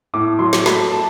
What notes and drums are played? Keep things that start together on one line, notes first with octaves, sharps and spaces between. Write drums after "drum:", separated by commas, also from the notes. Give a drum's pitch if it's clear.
A2 D6
F#3 C6
drum: snare
A3 B5, drum: snare
A5